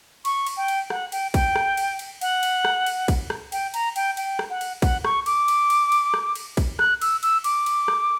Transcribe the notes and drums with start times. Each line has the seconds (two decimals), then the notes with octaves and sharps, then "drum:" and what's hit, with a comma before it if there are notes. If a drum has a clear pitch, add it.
0.25 C#6, drum: cymbal
0.47 drum: cymbal
0.57 G5
0.68 drum: cymbal
0.90 F#5, drum: rim click
1.12 G5, drum: cymbal
1.34 G5, drum: kick, cymbal
1.56 drum: rim click
1.77 drum: cymbal
1.99 drum: cymbal
2.21 F#5, drum: cymbal
2.43 drum: cymbal
2.65 drum: rim click
2.86 drum: cymbal
3.08 drum: kick, cymbal
3.30 drum: rim click
3.52 G5, drum: cymbal
3.74 A#5, drum: cymbal
3.96 G5, drum: cymbal
4.17 G5, drum: cymbal
4.39 drum: rim click
4.50 F#5
4.61 drum: cymbal
4.82 F#5, drum: kick, cymbal
5.05 C#6, drum: rim click
5.26 D6, drum: cymbal
5.48 drum: cymbal
5.70 drum: cymbal
5.92 drum: cymbal
6.14 drum: rim click
6.35 drum: cymbal
6.57 drum: kick, cymbal
6.79 F#6, drum: rim click
7.02 E6, drum: cymbal
7.23 E6, drum: cymbal
7.44 D6, drum: cymbal
7.66 drum: cymbal
7.88 drum: rim click